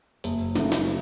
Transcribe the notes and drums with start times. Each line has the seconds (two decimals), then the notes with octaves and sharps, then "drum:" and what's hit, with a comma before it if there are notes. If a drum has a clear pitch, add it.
0.24 F#1, drum: hi-hat
0.55 F#2 C#3 A3, drum: snare
0.72 drum: snare